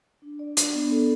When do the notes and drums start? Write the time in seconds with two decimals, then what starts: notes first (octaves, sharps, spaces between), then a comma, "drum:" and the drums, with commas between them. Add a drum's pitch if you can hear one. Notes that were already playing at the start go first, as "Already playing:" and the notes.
0.22 D4
0.39 D5
0.57 D4, drum: hi-hat
0.74 B3
0.91 A4